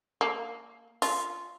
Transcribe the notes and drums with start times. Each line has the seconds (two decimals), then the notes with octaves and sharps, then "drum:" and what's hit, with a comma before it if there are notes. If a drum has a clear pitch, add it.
0.21 A#3
1.02 F4, drum: open hi-hat